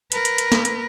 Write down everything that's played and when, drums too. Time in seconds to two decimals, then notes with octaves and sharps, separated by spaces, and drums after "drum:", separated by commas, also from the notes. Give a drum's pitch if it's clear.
0.12 A#4 B4, drum: hi-hat
0.25 drum: hi-hat
0.38 drum: hi-hat
0.52 drum: snare
0.65 drum: hi-hat